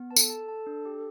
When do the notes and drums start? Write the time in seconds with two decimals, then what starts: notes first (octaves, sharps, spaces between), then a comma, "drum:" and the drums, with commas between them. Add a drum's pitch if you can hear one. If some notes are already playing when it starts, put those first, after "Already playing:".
Already playing: B3
0.11 B4 A5
0.16 A4, drum: tambourine
0.30 A5
0.48 A5
0.67 D4
0.85 G4